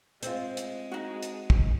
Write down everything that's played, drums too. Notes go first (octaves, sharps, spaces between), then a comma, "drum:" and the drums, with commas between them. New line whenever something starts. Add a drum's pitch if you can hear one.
G#3 C4 F4, drum: hi-hat
drum: hi-hat
D#4 F#4
drum: hi-hat
drum: kick